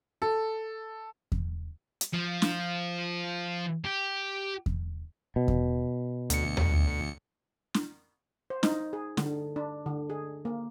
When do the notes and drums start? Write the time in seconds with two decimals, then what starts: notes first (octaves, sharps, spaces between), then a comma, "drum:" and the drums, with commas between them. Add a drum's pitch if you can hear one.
0.22 A4
1.32 drum: kick E2
2.01 drum: hi-hat
2.13 F3
2.42 drum: snare
3.84 G4
4.66 drum: kick E2
5.36 B2
5.48 drum: kick E2
6.30 D2 C#7, drum: hi-hat
6.57 drum: tom D#2
7.74 drum: snare
8.50 C5
8.63 D#4, drum: snare
8.93 G#4
9.17 D3, drum: snare
9.56 D4
9.86 D3
10.10 G#4
10.45 A#3